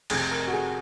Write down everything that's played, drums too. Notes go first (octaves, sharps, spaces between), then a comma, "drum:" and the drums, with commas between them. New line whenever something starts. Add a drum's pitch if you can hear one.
F1 F2 C3 G#4, drum: cymbal
A#4
F#4
G#4